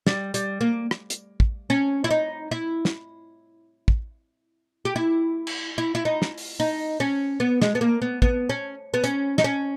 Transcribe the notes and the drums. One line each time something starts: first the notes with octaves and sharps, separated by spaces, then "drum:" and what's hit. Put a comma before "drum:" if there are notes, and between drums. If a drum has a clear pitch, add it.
G3, drum: snare
G3, drum: hi-hat
A#3
drum: rim click
drum: hi-hat
drum: kick
C#4
E4
D#4
E4
drum: snare
drum: kick
G4
E4
drum: cymbal
E4
E4
D#4
drum: snare
drum: open hi-hat
D#4
C#4
B3
G#3, drum: snare
B3
A#3
B3
B3, drum: kick
C#4
B3
C#4, drum: hi-hat
D#4, drum: snare
C#4